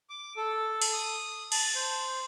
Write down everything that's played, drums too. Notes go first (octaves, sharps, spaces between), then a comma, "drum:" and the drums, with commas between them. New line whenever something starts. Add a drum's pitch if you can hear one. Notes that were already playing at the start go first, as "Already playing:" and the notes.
D6
A4
drum: open hi-hat
D#6
A5, drum: cymbal
C5